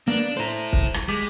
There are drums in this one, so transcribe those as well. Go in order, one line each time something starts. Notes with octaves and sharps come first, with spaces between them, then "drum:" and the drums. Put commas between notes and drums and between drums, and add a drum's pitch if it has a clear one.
A#3 B3 D4
E4 A4 C5 A#5
drum: kick
drum: rim click
G#3 G4